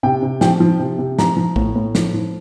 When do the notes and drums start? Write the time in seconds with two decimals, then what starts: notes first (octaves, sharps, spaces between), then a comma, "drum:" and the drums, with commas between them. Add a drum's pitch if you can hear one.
0.03 C3 G5
0.23 C3
0.41 F3 G5, drum: snare
0.60 F3
0.79 C3
0.99 C3
1.19 F3 A#5, drum: snare
1.37 F3
1.56 A2, drum: kick
1.76 A2
1.95 F3, drum: snare
2.14 F3